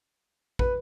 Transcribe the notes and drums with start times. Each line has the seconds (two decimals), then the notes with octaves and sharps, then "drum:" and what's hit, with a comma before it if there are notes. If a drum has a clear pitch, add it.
0.59 B4, drum: kick